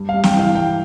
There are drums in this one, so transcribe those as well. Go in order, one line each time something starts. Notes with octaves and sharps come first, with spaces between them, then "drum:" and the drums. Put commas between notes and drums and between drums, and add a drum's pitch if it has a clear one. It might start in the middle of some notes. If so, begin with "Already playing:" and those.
Already playing: G2
F5
G3
G5, drum: snare
E3 F5
G2 G5